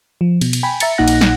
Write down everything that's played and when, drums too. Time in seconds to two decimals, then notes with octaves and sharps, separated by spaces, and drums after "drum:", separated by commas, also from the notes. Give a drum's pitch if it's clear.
0.21 F3
0.41 B2, drum: cymbal
0.53 drum: cymbal
0.63 G5 G#5 B5
0.80 E5 A#5 A6 C#7, drum: cymbal
0.98 A#1 A#2 D#4 F#5 F#6 A#6
1.08 drum: cymbal
1.21 drum: snare